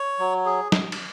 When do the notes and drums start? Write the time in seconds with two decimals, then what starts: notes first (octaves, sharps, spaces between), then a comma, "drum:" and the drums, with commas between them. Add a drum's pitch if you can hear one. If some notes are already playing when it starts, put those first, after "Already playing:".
Already playing: C#5
0.19 F#3
0.45 G#4
0.72 drum: snare
0.92 drum: cymbal